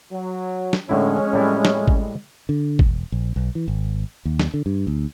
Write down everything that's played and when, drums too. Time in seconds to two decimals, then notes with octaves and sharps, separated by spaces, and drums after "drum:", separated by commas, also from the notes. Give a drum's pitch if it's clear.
0.12 F#3
0.73 drum: snare
0.89 F2 A2 D3 G#3 C#4 E4
1.33 A2 G3 E4
1.65 drum: snare
1.88 drum: kick G#1
2.49 D3
2.79 E1, drum: kick G#1
3.12 A#1
3.36 B1
3.55 E3
3.68 G#1
4.25 D#2
4.40 drum: snare
4.54 D3
4.66 G2
4.87 D2